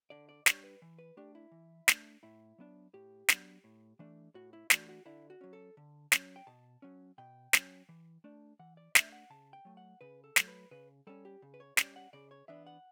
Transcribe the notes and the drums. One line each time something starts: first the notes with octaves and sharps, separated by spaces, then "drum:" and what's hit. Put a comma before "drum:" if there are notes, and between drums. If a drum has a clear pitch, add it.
D3 D5
D5
G3 D4 C#5, drum: snare
B4
E3
B4
A3 D4 G4
E4
E3
A3 D4, drum: snare
A2 E4
F#3 B3 D4
A2 G4
F#3 B3 D4, drum: snare
A2
E3 A3 D4
A2 F#4
E4
E3 A3 D4 F#4, drum: snare
F#4
D3 E4
F#4
F#3 C#4
A4
D3
F#3 C#4, drum: snare
G5
B2 A5
F#3 C#4
B2 G5
F#3 C#4, drum: snare
E3
A3 D4
E3 F#5
D5
A3 D4 E5, drum: snare
F#5
C#3 A5
G5
F#3 A3
F#5
C#3 B4
A4
F#3 A3, drum: snare
B4
C#3 B4
G3 C#4 A4
G4
C#3
B4
C#5
G3 C#4 D5, drum: snare
F#5
C#3 D5
C#5
E3 B3 D4 E5
F#5